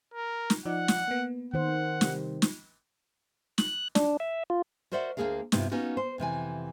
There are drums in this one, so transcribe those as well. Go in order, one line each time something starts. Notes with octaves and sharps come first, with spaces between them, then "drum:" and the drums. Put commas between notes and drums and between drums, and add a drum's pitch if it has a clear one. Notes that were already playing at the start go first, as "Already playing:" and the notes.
A#4
drum: snare
F3 D#4 D5 F#5
drum: snare
A#3 B3
D#3 C5 F#5
C3 G3, drum: snare
drum: snare
F#6, drum: snare
D4, drum: snare
E5
F4
F#4 A#4 C5 D5 E5 F#5
D2 G2 A#3 G#4 A#4 F5
G2 C3 B3 E4 F4, drum: snare
A#3 B3 C#4 D#4 F#4
C5
F2 C3 E3 G#5